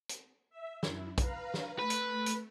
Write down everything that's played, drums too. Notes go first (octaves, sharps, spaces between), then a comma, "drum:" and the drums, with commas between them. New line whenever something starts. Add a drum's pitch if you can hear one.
drum: hi-hat
E5
F#2 E4, drum: snare
B4 F5 A#5, drum: kick, hi-hat
drum: snare
A3 B4
drum: hi-hat
drum: hi-hat